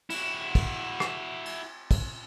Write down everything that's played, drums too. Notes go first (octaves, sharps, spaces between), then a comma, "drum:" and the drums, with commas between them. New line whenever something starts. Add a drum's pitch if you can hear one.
E4 F#4, drum: cymbal
drum: kick, cymbal
drum: rim click
drum: cymbal
drum: kick, cymbal